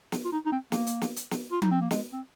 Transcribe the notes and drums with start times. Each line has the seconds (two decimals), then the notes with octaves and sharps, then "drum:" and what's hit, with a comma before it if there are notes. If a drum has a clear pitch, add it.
0.12 drum: snare
0.25 F4
0.32 D#4
0.46 D#4
0.52 C4
0.72 A#3, drum: snare
0.87 drum: hi-hat
1.01 drum: snare
1.16 drum: hi-hat
1.31 drum: snare
1.52 F4
1.62 D#4, drum: tom F3
1.71 C4
1.81 A#3
1.91 G#3, drum: snare
2.12 C4